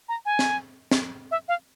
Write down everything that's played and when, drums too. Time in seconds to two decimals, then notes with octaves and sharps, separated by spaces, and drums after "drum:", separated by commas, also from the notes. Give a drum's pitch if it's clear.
0.09 A#5
0.26 G#5
0.39 drum: snare
0.91 drum: snare
1.31 E5
1.48 F5